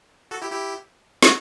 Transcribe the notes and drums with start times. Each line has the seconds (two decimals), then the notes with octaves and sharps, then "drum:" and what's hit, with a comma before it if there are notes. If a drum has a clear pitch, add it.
0.31 F#4 A4
0.42 E4 G4
0.52 E4 G4
1.23 F#4 A4, drum: snare